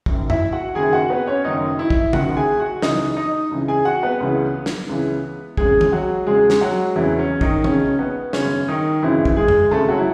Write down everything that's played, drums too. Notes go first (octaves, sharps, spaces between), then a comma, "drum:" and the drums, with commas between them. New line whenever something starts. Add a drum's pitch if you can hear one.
F#1 F#2 D#3, drum: kick A#1
E4 E5, drum: tom F#2
F#4 F#5
F#1 F#2 D#3 G#4 G#5
F#4 F#5
B3 B4
C#4 C#5
F#1 F#2 D#3 D#4 D#5
E4 E5
drum: kick A#1
F#1 F#2 D#3 F#4 F#5, drum: tom
G#4 G#5
F#4 F#5
C#2 C#3 E3 D#4 D#5, drum: snare
D#4 D#5
C#2 C#3 E3
G#4 G#5
F#4 F#5
B3 B4
C#2 C#3 E3
drum: snare
C#2 C#3 E3
E1 E2 C#3 G#3 G#4, drum: kick A#1
drum: tom
F#3 F#4
E1 E2 C#3 G#3 G#4
drum: snare
F#3 F#4
E1 E2 C#3 E3 E4
C#4
D#3 D#4, drum: kick A#1
E1 E2 C#3 C#4, drum: tom
B3
G#1 F#2 C#3 C#4, drum: snare
D#3 D#4
G#1 F#2 C#3 E3 E4
drum: kick A#1
G#3 G#4
drum: tom F#2
G#1 F#2 C#3 A3 A4
F#3 F#4
E4